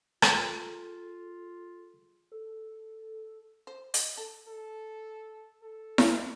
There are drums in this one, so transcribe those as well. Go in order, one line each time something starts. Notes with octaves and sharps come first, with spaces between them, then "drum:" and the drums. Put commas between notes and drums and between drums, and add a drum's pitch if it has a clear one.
F4 G#4 A4, drum: rim click
A4
C5
D#5, drum: hi-hat
A4
A4
A4
drum: snare E4